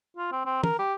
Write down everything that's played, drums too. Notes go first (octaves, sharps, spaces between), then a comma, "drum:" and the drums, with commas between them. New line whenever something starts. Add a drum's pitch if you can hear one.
F4
C4
C4
A#4, drum: tom
G4